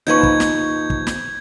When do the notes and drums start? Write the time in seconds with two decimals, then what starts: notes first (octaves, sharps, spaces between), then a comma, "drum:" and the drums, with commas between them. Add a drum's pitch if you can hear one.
0.07 D#2 F3 D#4 B4 C#6 G6 G#6
0.23 drum: kick
0.40 drum: snare
0.90 drum: kick
1.07 drum: snare